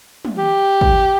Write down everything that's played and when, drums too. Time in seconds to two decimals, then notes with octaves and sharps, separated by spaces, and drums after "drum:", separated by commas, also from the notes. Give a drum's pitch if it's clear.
0.25 drum: tom
0.38 G4
0.81 drum: kick